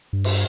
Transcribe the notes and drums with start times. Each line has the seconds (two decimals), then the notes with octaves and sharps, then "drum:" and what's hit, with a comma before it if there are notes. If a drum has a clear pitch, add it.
0.13 G2
0.24 drum: cymbal